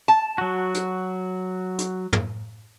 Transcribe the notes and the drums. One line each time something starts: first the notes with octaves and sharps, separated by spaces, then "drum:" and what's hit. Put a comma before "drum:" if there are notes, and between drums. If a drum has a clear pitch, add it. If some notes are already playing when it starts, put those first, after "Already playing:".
A5
F#3 F#4
drum: hi-hat
drum: hi-hat
drum: tom